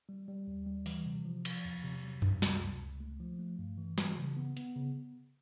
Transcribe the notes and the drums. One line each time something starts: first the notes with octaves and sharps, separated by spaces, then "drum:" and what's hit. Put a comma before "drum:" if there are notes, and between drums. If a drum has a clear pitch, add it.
G3
G3
D#2
G3
E3, drum: open hi-hat
C3
F3
F3, drum: cymbal
E2
C3
F#3
C2, drum: tom F#2
C3, drum: snare
C#2
C#2
A3
F3
A3
G2
E3
E3, drum: snare
C#3
B3
B3, drum: hi-hat
C#3